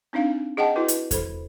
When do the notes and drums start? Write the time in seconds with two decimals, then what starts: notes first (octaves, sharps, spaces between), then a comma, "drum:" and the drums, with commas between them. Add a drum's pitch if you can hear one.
0.13 C4 D4 D#4 F5
0.57 G#4 D#5 F#5 G5 A5
0.76 E4 F#4 B4
0.88 drum: hi-hat
1.11 A4 C5 B5, drum: kick E2, hi-hat